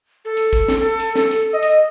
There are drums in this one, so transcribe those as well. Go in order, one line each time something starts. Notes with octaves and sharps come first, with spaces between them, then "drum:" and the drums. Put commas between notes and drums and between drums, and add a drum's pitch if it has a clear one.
A4
drum: hi-hat
drum: kick, hi-hat
drum: snare
A4
drum: hi-hat
A4, drum: snare
drum: hi-hat
D#5
drum: hi-hat